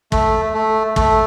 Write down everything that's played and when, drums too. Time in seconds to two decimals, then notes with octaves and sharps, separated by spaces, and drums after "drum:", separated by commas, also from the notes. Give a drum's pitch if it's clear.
0.12 A3, drum: kick
0.54 A3
0.96 A3, drum: kick